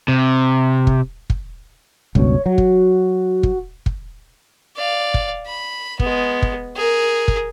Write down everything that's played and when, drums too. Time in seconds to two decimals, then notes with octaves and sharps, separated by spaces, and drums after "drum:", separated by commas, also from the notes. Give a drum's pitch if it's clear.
0.08 C3
0.87 drum: kick
1.30 drum: kick
2.15 C#2 G2 B2 C#5, drum: kick
2.46 F#3 F#4
2.58 drum: kick
3.43 drum: kick
3.86 drum: kick
4.76 D5 F5
5.14 drum: kick
5.47 B5
5.99 G#3 B3, drum: kick
6.42 drum: kick
6.76 G#4 A#4
7.28 drum: kick